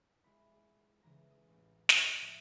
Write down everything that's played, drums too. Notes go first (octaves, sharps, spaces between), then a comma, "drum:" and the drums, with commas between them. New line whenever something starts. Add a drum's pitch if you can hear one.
G#3 E4 B5
C#3 E3 G#3 A#5
D#6
A1
drum: snare
A2 F3 D#5 E5 A#5 G#6